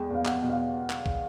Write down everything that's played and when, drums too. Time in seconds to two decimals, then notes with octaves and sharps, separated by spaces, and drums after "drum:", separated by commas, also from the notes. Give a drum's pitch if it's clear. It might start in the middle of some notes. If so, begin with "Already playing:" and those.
Already playing: E2 G#3 G5
0.10 E2 F5
0.25 E2 F#5, drum: clap
0.42 B2
0.50 F5
0.90 drum: clap
1.06 drum: kick B1